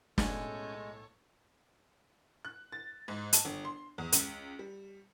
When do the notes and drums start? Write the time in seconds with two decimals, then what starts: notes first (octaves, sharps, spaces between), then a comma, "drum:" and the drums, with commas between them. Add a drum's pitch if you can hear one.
0.18 B1 A2 G#3 C#4 A4 C#5 G#5 G6, drum: snare
2.45 F#6
2.72 A6
3.08 G#2
3.33 A5, drum: hi-hat
3.45 G1
3.65 C6
3.98 E2
4.12 C#2, drum: hi-hat
4.59 G3